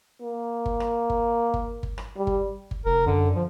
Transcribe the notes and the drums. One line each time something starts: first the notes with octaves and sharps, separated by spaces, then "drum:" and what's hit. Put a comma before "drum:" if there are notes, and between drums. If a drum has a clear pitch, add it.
A#3
drum: kick G1
drum: rim click
drum: kick G1
drum: kick G1
drum: kick G1
drum: rim click
G3
drum: kick G1
drum: kick G1
F1 A#4
F#2 D3
F3